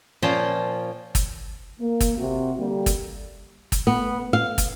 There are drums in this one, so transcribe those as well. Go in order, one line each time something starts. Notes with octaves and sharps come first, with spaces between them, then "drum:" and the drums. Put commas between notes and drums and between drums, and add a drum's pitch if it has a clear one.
A#2 F3 C#4 F4 C5 G5
drum: kick, hi-hat
A#3
drum: kick, hi-hat
C3 F#4
D3 G3 A#3
drum: kick, hi-hat
drum: kick, hi-hat
B3
F5
drum: kick, hi-hat